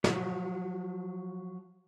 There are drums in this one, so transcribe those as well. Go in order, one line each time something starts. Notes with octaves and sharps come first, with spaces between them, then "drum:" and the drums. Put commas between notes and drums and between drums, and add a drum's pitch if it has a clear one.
F3 F#3, drum: snare